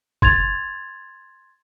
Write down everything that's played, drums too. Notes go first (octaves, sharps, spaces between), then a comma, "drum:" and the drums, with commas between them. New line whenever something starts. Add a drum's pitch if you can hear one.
C6 G#6 A6 F7, drum: kick